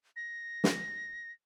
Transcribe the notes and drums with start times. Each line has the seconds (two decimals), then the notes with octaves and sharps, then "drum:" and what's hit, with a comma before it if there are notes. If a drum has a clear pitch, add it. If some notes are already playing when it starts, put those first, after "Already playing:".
0.16 A#6
0.64 drum: snare